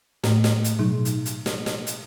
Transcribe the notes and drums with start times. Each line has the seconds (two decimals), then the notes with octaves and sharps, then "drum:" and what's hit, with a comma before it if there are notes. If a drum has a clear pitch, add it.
0.24 A2 A3, drum: snare
0.44 drum: snare
0.64 drum: hi-hat
0.79 B2 F#3 D#4
1.05 drum: hi-hat
1.25 drum: hi-hat
1.46 drum: snare
1.66 drum: snare
1.87 drum: hi-hat